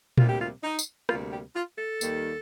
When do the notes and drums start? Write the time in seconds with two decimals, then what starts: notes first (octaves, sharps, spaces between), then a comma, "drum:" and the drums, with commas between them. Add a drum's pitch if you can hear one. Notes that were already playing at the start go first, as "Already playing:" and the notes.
0.18 D2 C3 G3 A#3 F4, drum: tom A#2
0.29 G4
0.41 F4
0.63 D#4
0.79 drum: tambourine
1.09 D2 C3 G3 A#3 F4, drum: rim click
1.32 G4
1.55 F4
1.78 A4
2.01 D#2 D#3 G3 A#3, drum: tambourine